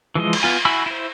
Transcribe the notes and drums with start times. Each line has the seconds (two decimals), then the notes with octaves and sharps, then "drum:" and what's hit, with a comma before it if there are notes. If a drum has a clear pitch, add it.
0.15 E3 F3 G#3 D#5
0.33 drum: cymbal
0.43 B3 F4 G#5
0.65 E4 F#4 G#5 B5 E6
0.86 E4 C5